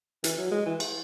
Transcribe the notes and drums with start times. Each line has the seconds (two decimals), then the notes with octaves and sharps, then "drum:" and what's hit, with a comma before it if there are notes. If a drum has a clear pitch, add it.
0.24 E3, drum: hi-hat
0.38 F#3
0.52 G#3
0.66 E3
0.80 drum: cymbal